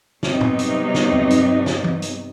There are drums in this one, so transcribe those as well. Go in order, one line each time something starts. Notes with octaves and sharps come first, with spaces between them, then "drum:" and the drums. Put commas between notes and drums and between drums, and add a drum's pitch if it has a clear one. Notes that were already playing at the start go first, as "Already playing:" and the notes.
G2 C3 F#3 B3 D#4, drum: snare
drum: tom
drum: hi-hat
drum: snare
drum: tom F2
drum: hi-hat
drum: snare
drum: tom
drum: hi-hat